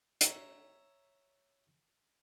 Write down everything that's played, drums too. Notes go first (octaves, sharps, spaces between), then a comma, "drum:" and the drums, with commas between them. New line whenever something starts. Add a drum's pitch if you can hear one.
C#5 E5 A#5, drum: hi-hat